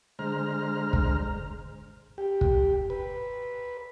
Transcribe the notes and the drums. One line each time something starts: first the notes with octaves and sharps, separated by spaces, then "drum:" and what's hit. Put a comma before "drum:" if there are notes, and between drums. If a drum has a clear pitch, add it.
D3 G#3 C5 A#5 F6
drum: kick
G4
drum: kick
B4